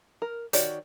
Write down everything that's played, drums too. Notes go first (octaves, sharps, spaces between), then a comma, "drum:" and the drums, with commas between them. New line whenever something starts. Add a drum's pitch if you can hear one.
A#4
D#3 F#4 G4 C#5 D5, drum: hi-hat